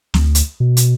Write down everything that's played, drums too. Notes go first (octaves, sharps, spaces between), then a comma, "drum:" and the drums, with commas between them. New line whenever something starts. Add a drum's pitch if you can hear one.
D2, drum: snare
drum: hi-hat
B2
drum: hi-hat